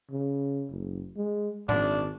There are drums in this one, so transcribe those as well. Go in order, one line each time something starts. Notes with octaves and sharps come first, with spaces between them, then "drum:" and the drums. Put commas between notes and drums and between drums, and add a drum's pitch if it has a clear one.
C#3
F#1
G#3
G#1 D4, drum: tom G#2